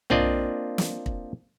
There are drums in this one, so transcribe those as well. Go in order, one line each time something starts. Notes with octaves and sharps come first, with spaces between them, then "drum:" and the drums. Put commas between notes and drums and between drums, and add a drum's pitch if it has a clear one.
A#3 C4 D4 F4 D5 D#5, drum: tom B1
drum: snare
drum: kick